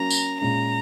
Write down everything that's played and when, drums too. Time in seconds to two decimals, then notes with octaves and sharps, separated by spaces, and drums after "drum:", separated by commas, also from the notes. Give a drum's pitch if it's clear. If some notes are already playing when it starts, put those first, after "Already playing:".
Already playing: F#3 A#3 C#4 A#5
0.10 drum: tambourine
0.41 A#2 G#3 C#4 A#5